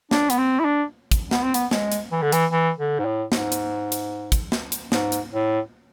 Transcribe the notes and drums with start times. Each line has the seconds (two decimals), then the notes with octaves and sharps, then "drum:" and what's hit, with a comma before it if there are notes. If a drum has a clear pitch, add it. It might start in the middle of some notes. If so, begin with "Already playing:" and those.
0.11 D4, drum: snare
0.30 B3, drum: hi-hat
0.38 C4
0.60 E4
0.65 D4
1.11 drum: kick, hi-hat
1.31 B3, drum: snare
1.43 C4
1.54 B3, drum: hi-hat
1.71 G#3, drum: snare
1.92 drum: hi-hat
2.12 E3
2.22 D3
2.32 E3, drum: hi-hat
2.52 E3
2.78 D3
2.99 G#2
3.05 A2
3.32 G#2, drum: snare
3.52 drum: hi-hat
3.92 drum: hi-hat
4.32 drum: kick, hi-hat
4.52 drum: snare
4.72 drum: hi-hat
4.92 G#2, drum: snare
5.12 drum: hi-hat
5.32 A2